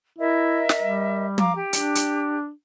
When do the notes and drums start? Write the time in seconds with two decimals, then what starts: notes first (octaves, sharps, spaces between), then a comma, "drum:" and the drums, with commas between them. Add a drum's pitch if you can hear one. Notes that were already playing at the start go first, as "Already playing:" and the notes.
0.19 E4 A#4 D#5 E5
0.69 drum: snare
0.82 G3
1.38 F5 A#5 D6, drum: tom
1.55 G4
1.73 D4, drum: hi-hat
1.95 drum: hi-hat